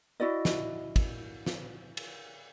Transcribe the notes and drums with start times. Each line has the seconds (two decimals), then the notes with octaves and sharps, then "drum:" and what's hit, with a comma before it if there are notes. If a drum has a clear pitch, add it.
0.20 E4 F#4 D5 D#5
0.45 drum: snare
0.96 drum: kick, cymbal
1.46 drum: snare
1.97 drum: cymbal